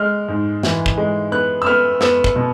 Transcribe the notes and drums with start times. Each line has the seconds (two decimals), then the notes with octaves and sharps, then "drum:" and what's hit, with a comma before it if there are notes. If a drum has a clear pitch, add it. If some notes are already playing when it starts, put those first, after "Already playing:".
Already playing: G#3 F6
0.28 G#2
0.63 E3, drum: snare
0.86 drum: kick
0.98 G#3
1.32 B3 F#6
1.62 E6
1.66 B3 F6
2.01 B3 E6, drum: snare
2.24 drum: kick
2.36 B2